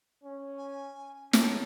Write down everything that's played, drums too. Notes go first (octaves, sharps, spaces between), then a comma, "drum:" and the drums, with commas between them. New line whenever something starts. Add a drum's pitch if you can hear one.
C#4
G#5
A1 A2 D#3 C#4 G4 G#4 A5, drum: snare